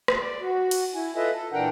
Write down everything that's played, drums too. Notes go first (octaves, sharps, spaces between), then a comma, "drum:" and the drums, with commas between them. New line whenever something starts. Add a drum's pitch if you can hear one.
drum: rim click
D5
F#4
drum: cymbal
E4 G#5
F4 A4 B4 D#5 E5
A4
A#2 E3 D4 A#4 F#5 G5